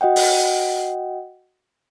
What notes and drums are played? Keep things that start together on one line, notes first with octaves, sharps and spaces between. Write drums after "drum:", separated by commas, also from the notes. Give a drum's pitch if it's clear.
F#4 D#5 F#5 G5
drum: open hi-hat